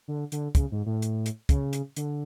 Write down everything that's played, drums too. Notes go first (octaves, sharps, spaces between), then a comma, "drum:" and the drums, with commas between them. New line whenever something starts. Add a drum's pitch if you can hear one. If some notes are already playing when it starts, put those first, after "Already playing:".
D3
D3, drum: hi-hat
C#3, drum: kick, hi-hat
G#2
A2
drum: hi-hat
drum: hi-hat
C#3, drum: kick, hi-hat
drum: hi-hat
D3, drum: hi-hat